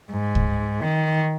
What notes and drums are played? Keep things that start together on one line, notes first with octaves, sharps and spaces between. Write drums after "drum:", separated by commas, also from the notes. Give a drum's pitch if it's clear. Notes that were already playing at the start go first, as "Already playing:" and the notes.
G#2
drum: kick C#2
D#3